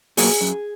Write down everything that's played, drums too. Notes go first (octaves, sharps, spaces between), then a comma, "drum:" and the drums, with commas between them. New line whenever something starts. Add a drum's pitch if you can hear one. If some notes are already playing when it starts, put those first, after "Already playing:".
B2 F#3 A#3 G#4, drum: open hi-hat
F#2